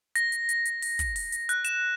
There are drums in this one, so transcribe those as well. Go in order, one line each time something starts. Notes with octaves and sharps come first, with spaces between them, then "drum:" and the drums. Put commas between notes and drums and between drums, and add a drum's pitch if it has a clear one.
A#6, drum: hi-hat
drum: hi-hat
drum: hi-hat
drum: hi-hat
drum: open hi-hat
drum: kick, hi-hat
drum: open hi-hat
drum: hi-hat
F#6, drum: hi-hat
E7, drum: hi-hat